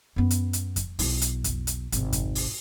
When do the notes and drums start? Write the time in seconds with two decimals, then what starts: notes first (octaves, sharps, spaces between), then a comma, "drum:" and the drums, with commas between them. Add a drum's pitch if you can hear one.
0.16 F#2 B3
0.31 drum: hi-hat
0.53 drum: hi-hat
0.76 drum: kick F2, hi-hat
0.99 B1 E4, drum: open hi-hat
1.22 drum: hi-hat
1.44 drum: kick F2, hi-hat
1.67 drum: hi-hat
1.92 G#1 C3, drum: hi-hat
2.13 drum: kick F2, hi-hat
2.35 drum: open hi-hat